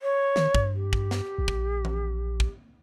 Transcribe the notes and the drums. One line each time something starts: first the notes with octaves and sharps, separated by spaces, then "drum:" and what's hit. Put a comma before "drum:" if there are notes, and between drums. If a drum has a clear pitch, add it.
C#5
D#3, drum: snare
G2, drum: kick
G4
drum: kick
drum: snare
A#1
drum: kick
drum: tom E3
drum: kick